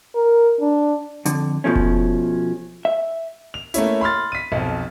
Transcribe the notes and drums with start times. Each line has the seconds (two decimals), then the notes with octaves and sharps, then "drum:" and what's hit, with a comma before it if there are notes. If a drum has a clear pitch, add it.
0.15 A#4
0.61 D4
1.25 F2 D3, drum: hi-hat
1.64 B2 F3 A3 C#4
1.76 drum: kick F1
2.85 E5
3.54 F7
3.74 A3 A#3 C#4 E4, drum: hi-hat
4.01 B5 C6 F6 A6
4.32 B6 D#7
4.52 B1 F2